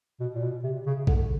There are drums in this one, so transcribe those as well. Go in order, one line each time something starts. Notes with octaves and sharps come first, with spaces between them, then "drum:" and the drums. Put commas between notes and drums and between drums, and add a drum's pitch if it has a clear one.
B2
A#2
B2
C3
C#3
D3, drum: kick A#1